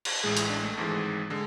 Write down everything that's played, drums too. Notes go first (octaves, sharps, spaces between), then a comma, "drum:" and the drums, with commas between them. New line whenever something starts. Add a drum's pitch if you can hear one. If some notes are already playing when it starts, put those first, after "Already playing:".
drum: cymbal
A1 A2 G#3 G#4
E4, drum: hi-hat
D4
A3
G#1 G#2 E3 G#3
D3 G#3